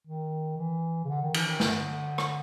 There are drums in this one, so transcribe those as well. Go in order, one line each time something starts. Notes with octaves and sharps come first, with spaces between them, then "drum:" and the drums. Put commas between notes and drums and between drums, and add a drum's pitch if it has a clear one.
D#3
E3
C#3
D3
D#3
E3, drum: cymbal
D#3
D3, drum: snare
drum: rim click